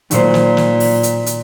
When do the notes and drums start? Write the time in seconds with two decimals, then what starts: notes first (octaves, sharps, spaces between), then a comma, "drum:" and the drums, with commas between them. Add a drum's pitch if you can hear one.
0.11 A#2 D#3 F#3 C5, drum: hi-hat
0.34 drum: snare
0.57 drum: snare
0.80 drum: open hi-hat
1.03 drum: hi-hat
1.26 drum: hi-hat